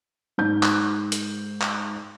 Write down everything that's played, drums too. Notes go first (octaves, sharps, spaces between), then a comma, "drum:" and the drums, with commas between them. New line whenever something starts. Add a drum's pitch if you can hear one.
G#2 G6
drum: clap
drum: hi-hat
drum: clap